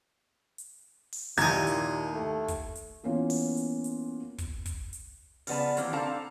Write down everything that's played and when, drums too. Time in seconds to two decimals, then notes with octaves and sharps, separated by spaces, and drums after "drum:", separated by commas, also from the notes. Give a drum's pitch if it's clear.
0.58 drum: hi-hat
1.12 drum: open hi-hat
1.38 D#2 A#2 D#3 E4 G4 D#5 A#5 G#6, drum: hi-hat
1.67 drum: hi-hat
2.13 A3
2.48 drum: kick, hi-hat
2.75 drum: hi-hat
3.03 E3 A#3 B3 C#4 F4
3.30 drum: open hi-hat
3.57 drum: hi-hat
3.84 drum: hi-hat
4.38 drum: kick, hi-hat
4.66 drum: kick, hi-hat
4.93 drum: hi-hat
5.47 C#3 F3 B3 D5 A5, drum: open hi-hat
5.77 D#3 E3 A#3 C4 G4, drum: hi-hat
5.93 C4 D4 A4 F5 A5 A#5